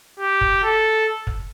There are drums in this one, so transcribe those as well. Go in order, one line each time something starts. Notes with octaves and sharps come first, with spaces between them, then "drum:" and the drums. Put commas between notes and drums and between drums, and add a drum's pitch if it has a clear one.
G4
drum: kick
A4
drum: kick